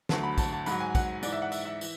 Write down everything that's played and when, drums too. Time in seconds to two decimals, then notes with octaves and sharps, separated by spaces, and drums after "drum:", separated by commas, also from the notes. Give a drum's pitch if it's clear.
0.09 D2 D3 F#3 A5, drum: snare
0.23 B5
0.38 A5, drum: kick, tambourine
0.53 A5
0.66 G#2 F#3 B5, drum: tambourine
0.80 G#5
0.95 F#5, drum: kick, tambourine
1.23 G#2 E3 D5, drum: tambourine
1.33 E5
1.42 F#5
1.52 E5, drum: tambourine
1.65 E5
1.81 E3, drum: tambourine